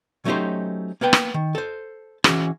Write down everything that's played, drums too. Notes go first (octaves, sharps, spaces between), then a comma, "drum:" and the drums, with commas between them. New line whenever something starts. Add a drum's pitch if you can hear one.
F#3 A3 C#4 D#4 G4 C5
A#3 B3 B4 G5
drum: rim click
D#3
A4 C5
E3 C#4 F#4 G#4, drum: rim click